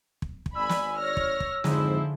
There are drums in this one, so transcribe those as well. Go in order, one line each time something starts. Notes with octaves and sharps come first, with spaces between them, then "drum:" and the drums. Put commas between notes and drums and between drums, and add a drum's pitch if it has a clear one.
drum: kick
drum: kick
G#1 D5 G#5 B5 E6
drum: snare
C#5 F6 A#6
drum: kick
drum: kick
F2 G#2 D3 F3 D#4 E4 G#4 C5, drum: snare